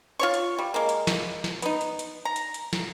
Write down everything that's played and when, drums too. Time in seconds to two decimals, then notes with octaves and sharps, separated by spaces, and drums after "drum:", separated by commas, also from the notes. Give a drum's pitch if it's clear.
0.19 F4 C#5 C#6
0.34 drum: hi-hat
0.59 G3
0.74 G#3 A#3
0.89 drum: hi-hat
1.07 drum: snare
1.44 drum: snare
1.62 B3 D#4, drum: hi-hat
1.81 drum: hi-hat
1.99 drum: hi-hat
2.25 A#5
2.36 drum: hi-hat
2.54 drum: hi-hat
2.73 drum: snare